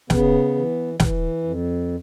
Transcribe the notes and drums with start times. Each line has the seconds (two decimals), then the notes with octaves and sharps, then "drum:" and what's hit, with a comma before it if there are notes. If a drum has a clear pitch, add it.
0.10 C#3 B3, drum: snare
0.55 E3
1.00 E3, drum: snare
1.43 F2